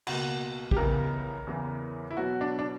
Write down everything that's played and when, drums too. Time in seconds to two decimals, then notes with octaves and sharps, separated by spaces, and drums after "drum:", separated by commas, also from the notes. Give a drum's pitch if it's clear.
0.07 C#2 B2 A#3 F#4, drum: cymbal
0.71 G4, drum: kick
0.76 C#2 C#3 E3 B3 A#4
1.47 E2 C#3 E3 B3
2.10 E4
2.17 B2 F#3 B3 F#4
2.41 D4
2.59 D4